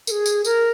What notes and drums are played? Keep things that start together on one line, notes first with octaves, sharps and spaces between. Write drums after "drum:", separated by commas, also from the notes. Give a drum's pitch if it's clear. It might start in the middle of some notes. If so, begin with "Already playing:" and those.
A#4, drum: tambourine
G#4
drum: tambourine
A#4, drum: tambourine